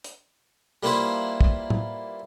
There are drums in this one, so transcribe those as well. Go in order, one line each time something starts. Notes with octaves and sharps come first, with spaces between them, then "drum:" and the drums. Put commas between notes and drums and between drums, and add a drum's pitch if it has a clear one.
drum: hi-hat
G3 A#3 E4 F4 B4 C5
drum: kick
drum: tom A2